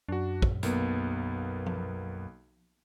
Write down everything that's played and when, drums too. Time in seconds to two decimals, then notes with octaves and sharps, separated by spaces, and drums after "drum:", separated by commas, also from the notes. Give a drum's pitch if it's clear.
0.09 F#2 D4 F#4
0.42 drum: kick
0.63 B1 A#3 B3, drum: hi-hat
1.66 drum: tom F3